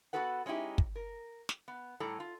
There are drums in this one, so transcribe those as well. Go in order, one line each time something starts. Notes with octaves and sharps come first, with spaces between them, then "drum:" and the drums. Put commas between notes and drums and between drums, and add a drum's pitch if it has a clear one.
B3 C#4 F#4 A4 B4 F#5
G#3 C#4 D#4 E4 G4
drum: kick
A#4
drum: snare
B3
A2 G3 A4 A#5
F4